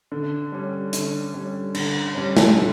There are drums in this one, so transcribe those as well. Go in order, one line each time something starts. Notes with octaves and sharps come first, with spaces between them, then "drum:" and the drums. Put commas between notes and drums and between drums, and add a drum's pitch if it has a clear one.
D3
G3 C#4
D3, drum: hi-hat
G3 C#4
D3, drum: cymbal
G3 C#4
drum: snare
D3